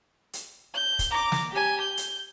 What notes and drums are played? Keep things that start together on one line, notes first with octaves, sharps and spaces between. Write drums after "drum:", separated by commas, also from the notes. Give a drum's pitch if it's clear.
drum: hi-hat
G6
drum: kick, hi-hat
A#5 D6
drum: snare
G4 G#5
G6
drum: hi-hat